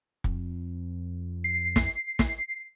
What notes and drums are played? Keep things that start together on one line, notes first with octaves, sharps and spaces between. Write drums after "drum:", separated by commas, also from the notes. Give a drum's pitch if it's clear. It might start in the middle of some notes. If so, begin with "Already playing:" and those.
F2, drum: kick
C7
drum: snare
drum: snare